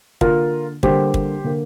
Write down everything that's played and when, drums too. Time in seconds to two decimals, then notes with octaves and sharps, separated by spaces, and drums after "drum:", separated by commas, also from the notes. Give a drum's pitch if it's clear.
0.21 D3 A#3 F4 A#4, drum: kick
0.83 D3 G3 A#3 G4 C5, drum: kick
1.14 drum: kick
1.44 D3 A#3